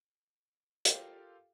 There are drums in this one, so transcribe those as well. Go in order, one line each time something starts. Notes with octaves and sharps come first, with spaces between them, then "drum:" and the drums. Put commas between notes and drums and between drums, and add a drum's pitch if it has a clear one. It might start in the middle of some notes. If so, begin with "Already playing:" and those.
F4 G4 A4 A#4 F5 G5, drum: hi-hat